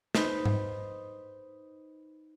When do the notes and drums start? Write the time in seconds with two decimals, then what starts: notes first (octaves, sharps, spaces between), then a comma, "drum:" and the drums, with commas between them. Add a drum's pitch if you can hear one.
0.15 D#4 B4 C5 D#5, drum: snare
0.46 drum: tom G#2